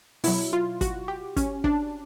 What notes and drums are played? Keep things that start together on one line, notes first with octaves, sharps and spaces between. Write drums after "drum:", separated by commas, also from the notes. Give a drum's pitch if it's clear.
B2 F#3 E4, drum: open hi-hat
F4
F#4, drum: kick, hi-hat
G4
C#4, drum: kick, hi-hat
D4, drum: kick